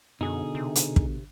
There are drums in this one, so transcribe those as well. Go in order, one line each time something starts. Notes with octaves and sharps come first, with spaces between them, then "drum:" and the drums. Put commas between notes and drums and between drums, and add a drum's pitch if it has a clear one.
F#2 B2 D3 D#4 G#4
C3
drum: hi-hat
drum: kick